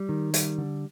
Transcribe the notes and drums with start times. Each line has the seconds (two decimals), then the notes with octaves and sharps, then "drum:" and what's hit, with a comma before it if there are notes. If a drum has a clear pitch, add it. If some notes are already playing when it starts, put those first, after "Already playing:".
Already playing: G3
0.09 D#3
0.34 G3, drum: hi-hat
0.58 D3